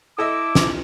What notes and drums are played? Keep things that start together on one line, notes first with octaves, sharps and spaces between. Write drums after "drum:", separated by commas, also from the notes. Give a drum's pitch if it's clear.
E4 A4 D#5 E5 D6
drum: snare